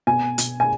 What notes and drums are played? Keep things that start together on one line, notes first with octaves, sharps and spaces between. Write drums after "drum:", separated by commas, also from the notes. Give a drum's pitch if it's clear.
B2 G#5
B2, drum: hi-hat
G#5